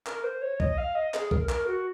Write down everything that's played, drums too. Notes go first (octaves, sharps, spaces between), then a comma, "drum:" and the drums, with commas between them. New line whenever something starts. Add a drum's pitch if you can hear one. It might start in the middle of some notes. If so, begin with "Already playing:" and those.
A#4, drum: clap
C5
C#5
D#5, drum: kick
F5
D#5
G#4, drum: clap
A#4, drum: kick
A#4, drum: clap
F#4